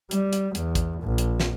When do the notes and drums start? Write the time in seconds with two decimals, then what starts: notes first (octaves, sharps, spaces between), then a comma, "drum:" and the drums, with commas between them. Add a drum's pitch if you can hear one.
0.11 G3, drum: hi-hat
0.33 drum: hi-hat
0.55 E2, drum: hi-hat
0.75 drum: kick, hi-hat
1.02 A#1
1.18 drum: hi-hat
1.40 drum: snare